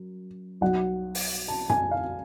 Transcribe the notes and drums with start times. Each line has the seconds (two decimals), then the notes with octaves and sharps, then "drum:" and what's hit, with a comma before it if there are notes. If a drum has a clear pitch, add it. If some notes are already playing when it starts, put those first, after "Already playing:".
Already playing: F#2
0.61 B1 B2 F#3 F#5
1.15 drum: open hi-hat
1.48 A5
1.70 G#5, drum: tom F#2
1.91 F5